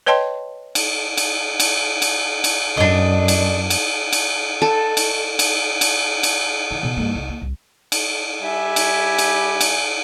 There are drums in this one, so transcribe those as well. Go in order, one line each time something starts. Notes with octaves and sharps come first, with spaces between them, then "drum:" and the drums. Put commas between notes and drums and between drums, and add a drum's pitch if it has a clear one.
B4 C#5 D#5 G5 A5 C6
drum: cymbal
drum: cymbal
drum: cymbal
drum: cymbal
drum: cymbal
F#2 D4 D#5
drum: cymbal
drum: cymbal
drum: cymbal
A4
drum: cymbal
drum: cymbal
drum: cymbal
drum: cymbal
E3
B2
G2 A#3
C2
A#3
C2
drum: cymbal
G3 E5 G#5
drum: cymbal
drum: cymbal
drum: cymbal